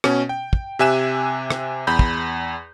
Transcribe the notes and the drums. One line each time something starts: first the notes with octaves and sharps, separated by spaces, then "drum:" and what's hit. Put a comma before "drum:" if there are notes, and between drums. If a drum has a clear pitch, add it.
B2 C#4, drum: rim click
G5
drum: kick
C3 G4 E5 G#5 F#6 E7
drum: rim click
E2 B5 G6
drum: kick